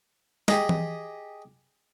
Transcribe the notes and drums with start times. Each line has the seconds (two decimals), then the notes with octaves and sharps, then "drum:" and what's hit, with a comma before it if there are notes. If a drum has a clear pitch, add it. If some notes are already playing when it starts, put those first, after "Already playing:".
0.48 G4 G#4 D#5, drum: snare
0.69 drum: tom E3